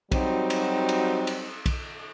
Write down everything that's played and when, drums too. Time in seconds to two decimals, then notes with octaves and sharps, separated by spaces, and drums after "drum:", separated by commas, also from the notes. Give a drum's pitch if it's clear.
0.12 F#3 G3 C4 D#4 F#4, drum: kick, cymbal
0.50 drum: cymbal
0.89 drum: cymbal
1.27 drum: cymbal
1.66 drum: kick, cymbal